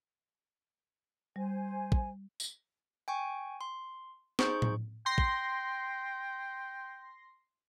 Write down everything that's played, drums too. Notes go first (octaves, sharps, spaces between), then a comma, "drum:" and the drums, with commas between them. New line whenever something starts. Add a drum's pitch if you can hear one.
G3 C5 G#5
drum: kick
drum: tambourine
G5 G#5 C#6
C6
D#4 G#4 C5 C#6 G6, drum: snare
drum: tom A2
G5 C6 A#6 C7
drum: kick